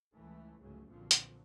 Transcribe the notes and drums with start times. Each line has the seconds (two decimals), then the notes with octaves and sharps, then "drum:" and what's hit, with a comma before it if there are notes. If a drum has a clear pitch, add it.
0.16 C#2 E3 A3
0.60 G1 C#2 G#2 C#3 F#3 A3
0.89 B1 A#2 D3 F3 F#3 C4
1.11 drum: hi-hat